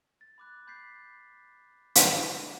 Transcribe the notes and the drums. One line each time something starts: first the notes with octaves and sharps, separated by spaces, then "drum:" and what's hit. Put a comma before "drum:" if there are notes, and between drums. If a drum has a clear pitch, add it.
A6
B5 D6 F#6
B5 G6 A6 B6 C7
drum: hi-hat